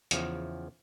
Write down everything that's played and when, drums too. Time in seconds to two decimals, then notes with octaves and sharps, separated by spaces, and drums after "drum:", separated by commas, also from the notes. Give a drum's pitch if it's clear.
0.11 E2 C#3 F3, drum: hi-hat